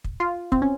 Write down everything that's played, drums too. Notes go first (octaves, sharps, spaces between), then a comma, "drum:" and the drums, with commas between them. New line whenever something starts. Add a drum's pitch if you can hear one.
drum: kick
F4
C4, drum: kick
C#4